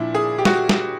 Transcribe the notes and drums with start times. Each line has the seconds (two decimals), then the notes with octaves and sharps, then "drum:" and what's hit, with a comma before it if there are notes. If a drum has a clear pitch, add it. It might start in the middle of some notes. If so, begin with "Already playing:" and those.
Already playing: A#2 F3 D4 E4
0.14 G#4
0.38 G4
0.45 F#4, drum: snare
0.69 drum: snare